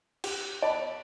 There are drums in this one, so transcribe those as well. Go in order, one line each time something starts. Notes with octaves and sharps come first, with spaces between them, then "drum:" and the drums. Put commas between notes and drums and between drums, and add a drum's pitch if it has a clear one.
G4, drum: cymbal
D5 A5 B5